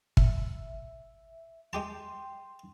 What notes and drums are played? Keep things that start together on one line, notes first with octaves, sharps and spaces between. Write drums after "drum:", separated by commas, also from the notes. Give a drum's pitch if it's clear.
E5, drum: kick
G#3 G4 G5 A5 C6